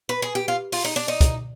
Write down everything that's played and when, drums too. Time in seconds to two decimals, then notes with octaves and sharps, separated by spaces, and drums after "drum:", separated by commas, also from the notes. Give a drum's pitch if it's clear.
0.09 B4
0.22 G#4
0.35 G4
0.48 F4
0.72 F4, drum: open hi-hat
0.85 D#4
0.96 D4
1.08 D#4
1.21 drum: kick, hi-hat